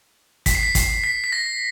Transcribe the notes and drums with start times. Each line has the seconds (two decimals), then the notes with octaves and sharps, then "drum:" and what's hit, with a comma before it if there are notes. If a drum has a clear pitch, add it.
0.46 B6, drum: kick, hi-hat
0.55 C7
0.63 B6
0.75 drum: kick, hi-hat
1.04 B6
1.24 B6
1.32 A#6